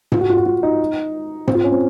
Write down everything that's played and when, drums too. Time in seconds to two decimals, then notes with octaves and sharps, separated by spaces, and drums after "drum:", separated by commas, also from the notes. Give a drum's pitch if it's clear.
0.12 F4, drum: tom G#2
0.21 F#4
0.30 F4
0.37 F#4
0.46 F4
0.63 D#4
1.47 C4, drum: tom G#2
1.55 F4
1.64 C#4
1.72 C4